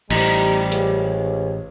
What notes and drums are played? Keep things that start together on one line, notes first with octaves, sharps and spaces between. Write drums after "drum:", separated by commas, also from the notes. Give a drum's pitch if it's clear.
A1 G3 D#4 G4 C5, drum: cymbal
C#2, drum: hi-hat